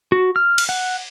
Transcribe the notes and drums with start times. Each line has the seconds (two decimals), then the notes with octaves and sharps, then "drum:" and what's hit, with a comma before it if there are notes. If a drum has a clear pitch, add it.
0.12 F#4
0.36 F6
0.58 drum: cymbal
0.69 F#5